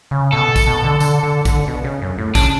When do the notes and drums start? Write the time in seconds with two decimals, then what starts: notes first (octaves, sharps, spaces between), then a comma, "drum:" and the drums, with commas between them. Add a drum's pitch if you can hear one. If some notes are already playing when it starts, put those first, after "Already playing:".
0.11 C#3
0.33 B2 A4
0.56 drum: kick, tambourine
0.67 B2
0.84 D3
1.00 D3, drum: tambourine
1.23 D3
1.45 D3, drum: kick, tambourine
1.68 B2
1.84 C#3
2.02 F#2
2.18 A2
2.35 C#3 D4, drum: kick, tambourine